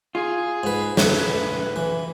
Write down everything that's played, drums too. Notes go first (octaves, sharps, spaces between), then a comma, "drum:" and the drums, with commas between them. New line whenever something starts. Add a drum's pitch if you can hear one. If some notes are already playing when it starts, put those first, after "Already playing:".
F4 G#4
G#2 B4
A3 B4, drum: snare
E3